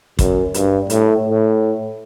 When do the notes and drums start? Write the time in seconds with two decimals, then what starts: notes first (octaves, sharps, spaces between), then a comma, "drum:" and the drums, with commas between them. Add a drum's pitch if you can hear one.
0.19 F#2, drum: kick, hi-hat
0.54 G2, drum: hi-hat
0.90 A2, drum: hi-hat
1.25 A2